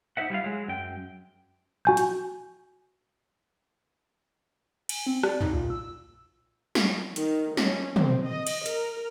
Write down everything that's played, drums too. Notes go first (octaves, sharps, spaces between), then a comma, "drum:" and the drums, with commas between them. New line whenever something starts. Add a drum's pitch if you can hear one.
D#4 F#4 C5 E5 F#5
G3 E4 F4 F5
F#3 G#3
F#2 G5
F#4 G#5 G6
drum: hi-hat
G#5, drum: cymbal
C4
D5, drum: rim click
D#4, drum: tom
A#2
E6
drum: snare
D#3, drum: hi-hat
C#4, drum: snare
C4, drum: tom
D#5
drum: cymbal
A#4, drum: hi-hat